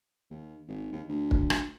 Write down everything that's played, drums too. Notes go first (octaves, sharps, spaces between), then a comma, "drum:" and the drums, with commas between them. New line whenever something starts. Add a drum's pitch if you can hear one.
D#2
G#1
D#2
D2
drum: kick
drum: rim click